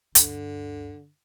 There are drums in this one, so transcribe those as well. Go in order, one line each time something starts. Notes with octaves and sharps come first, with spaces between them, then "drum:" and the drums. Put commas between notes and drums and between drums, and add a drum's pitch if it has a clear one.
D2 G2 D3, drum: hi-hat